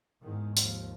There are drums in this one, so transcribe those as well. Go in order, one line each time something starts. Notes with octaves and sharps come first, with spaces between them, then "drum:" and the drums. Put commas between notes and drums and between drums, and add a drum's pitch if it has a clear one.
E2 G#2 D#3 G#3
D#2 F3, drum: hi-hat